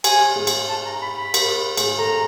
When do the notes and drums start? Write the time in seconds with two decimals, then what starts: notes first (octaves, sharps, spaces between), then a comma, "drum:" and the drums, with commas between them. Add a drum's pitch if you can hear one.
0.04 G#5, drum: cymbal
0.36 G#4
0.47 drum: cymbal
0.69 A5
0.86 A#5
1.02 B5
1.17 B5
1.34 A#4, drum: cymbal
1.77 G#4, drum: cymbal
1.99 A4 A#5